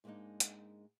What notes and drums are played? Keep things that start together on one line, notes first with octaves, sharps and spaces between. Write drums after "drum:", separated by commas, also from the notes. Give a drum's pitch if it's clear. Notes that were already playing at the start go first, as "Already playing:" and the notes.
G#2 G#3 A#3 C4 D4 D#4
drum: hi-hat